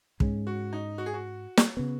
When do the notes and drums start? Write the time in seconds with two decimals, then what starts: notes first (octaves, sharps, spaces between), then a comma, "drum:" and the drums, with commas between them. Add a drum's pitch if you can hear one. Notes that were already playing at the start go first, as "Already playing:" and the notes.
0.20 G#2 G#3 C#4, drum: kick
0.47 F#4
0.73 D#4
0.98 F#4
1.06 G#4
1.14 F#4
1.57 drum: snare
1.77 C#3 B3